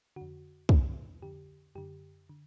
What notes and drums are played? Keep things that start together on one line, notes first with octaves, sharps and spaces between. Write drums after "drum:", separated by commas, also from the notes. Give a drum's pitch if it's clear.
F2 D3 F#4
F2 D3, drum: kick
F2 D3 G4
F#2 D3 G4
D3